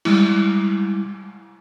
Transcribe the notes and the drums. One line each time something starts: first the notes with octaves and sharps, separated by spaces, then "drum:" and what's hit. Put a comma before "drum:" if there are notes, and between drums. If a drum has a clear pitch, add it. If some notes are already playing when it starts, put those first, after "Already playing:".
G3 G#3 E4, drum: cymbal